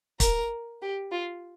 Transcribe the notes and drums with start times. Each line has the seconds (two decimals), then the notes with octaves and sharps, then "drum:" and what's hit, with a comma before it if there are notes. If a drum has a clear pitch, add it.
0.20 A#4, drum: kick, hi-hat
0.82 G4
1.12 F4